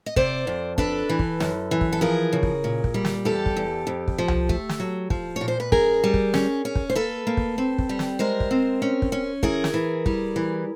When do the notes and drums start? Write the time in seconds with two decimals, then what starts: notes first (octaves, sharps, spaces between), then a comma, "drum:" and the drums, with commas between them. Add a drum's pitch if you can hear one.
0.06 D#5
0.16 C3 C5 D5, drum: kick
0.47 F2
0.78 D4 A4 B4, drum: kick
1.09 E3
1.19 drum: kick
1.40 F#2, drum: snare
1.71 E3
1.81 drum: kick
1.93 A4
2.01 F3 G#4 A#4
2.33 C#3
2.43 drum: kick
2.64 A#2
2.84 drum: kick
2.94 G3
3.05 drum: snare
3.25 E2 G4 A4
3.46 drum: kick
3.56 E2
3.87 F2
4.08 drum: kick
4.18 F3
4.28 drum: tom C2
4.49 A3, drum: kick
4.69 drum: snare
4.80 F#3
5.10 F3, drum: kick
5.36 A#2 C#5
5.48 C5
5.60 B4
5.72 F#2 G#4 A#4, drum: kick
6.04 G3
6.14 drum: kick
6.34 C#4, drum: snare
6.65 C#4
6.75 drum: kick
6.90 C5
6.95 A#3 A4 B4
7.27 A#3
7.37 drum: kick
7.58 C4
7.78 drum: kick
7.89 G3
7.99 drum: snare
8.19 G#3 A#4 C5
8.40 drum: kick
8.51 C4
8.82 C#4
9.02 drum: kick
9.12 C#4
9.43 E3 G#4 A#4, drum: kick
9.64 drum: snare
9.74 E3
10.06 G3, drum: kick
10.36 E3